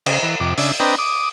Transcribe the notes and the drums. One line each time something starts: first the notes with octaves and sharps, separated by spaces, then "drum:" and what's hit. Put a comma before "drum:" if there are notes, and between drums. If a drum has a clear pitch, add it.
C#3, drum: cymbal
E3
F2 C3 D6
C#3 D4 E5, drum: open hi-hat
C4 D4 B4 D#5 G5 A#5
D6 D#6